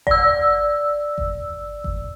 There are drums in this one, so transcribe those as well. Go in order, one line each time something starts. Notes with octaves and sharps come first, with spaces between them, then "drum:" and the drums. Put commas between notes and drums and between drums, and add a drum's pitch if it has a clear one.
D5 E6, drum: kick G1
drum: kick G1
drum: kick G1